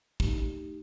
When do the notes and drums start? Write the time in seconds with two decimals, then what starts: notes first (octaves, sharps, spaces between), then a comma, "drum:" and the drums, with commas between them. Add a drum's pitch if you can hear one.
0.20 A3 D#4 G4, drum: kick